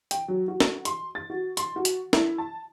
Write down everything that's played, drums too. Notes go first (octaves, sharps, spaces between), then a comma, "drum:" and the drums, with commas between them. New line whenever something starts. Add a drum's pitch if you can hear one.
G5, drum: hi-hat
F#3
F#4
drum: snare
C6, drum: hi-hat
A6
F#4
C6, drum: hi-hat
F#4
drum: hi-hat
E4, drum: snare
A5